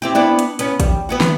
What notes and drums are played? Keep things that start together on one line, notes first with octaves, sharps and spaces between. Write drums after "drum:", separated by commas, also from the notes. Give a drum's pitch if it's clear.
C4 E4 G4
B3 D4 E4
drum: hi-hat
B3 C#4, drum: hi-hat
G3, drum: kick, hi-hat
B3 E4 F#4
drum: snare